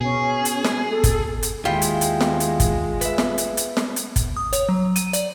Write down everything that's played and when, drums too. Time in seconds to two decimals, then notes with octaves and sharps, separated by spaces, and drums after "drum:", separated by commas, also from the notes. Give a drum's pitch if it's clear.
0.01 B2 C#4 G#4
0.45 drum: hi-hat
0.65 drum: snare
0.90 A4
1.04 drum: kick G1, hi-hat
1.43 drum: hi-hat
1.65 D#2 G#3 E4 F4 G4 G5
1.82 drum: hi-hat
2.01 drum: hi-hat
2.21 drum: snare
2.40 drum: hi-hat
2.60 drum: kick G1, hi-hat
3.01 B4 E5, drum: hi-hat
3.18 drum: snare
3.38 drum: hi-hat
3.57 drum: hi-hat
3.77 drum: snare
3.96 drum: hi-hat
4.16 drum: kick G1, hi-hat
4.37 D#6
4.53 C#5, drum: hi-hat
4.69 F#3
4.96 D#7, drum: hi-hat
5.13 D5, drum: hi-hat